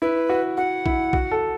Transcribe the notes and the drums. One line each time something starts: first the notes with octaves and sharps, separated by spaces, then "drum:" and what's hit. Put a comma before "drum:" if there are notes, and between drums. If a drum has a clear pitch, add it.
E4 B4
F#4
F#4 F#5
E4, drum: kick
F#4, drum: kick
A4